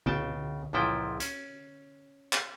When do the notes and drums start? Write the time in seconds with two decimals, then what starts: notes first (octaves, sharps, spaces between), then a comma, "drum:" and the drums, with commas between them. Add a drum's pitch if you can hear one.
0.06 C#2 C#3 G5 A5, drum: tom D3
0.73 C#2 F#2 A#2 F3 E4 G5
1.20 C#4, drum: hi-hat
2.33 drum: clap